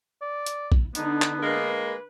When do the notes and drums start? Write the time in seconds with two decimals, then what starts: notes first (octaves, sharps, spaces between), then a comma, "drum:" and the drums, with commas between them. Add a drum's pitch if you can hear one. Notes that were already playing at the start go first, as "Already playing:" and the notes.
0.21 D5
0.46 drum: hi-hat
0.72 drum: kick
0.95 D3 B3 D4 D#4, drum: hi-hat
1.22 drum: clap
1.42 G#3 A#3 B4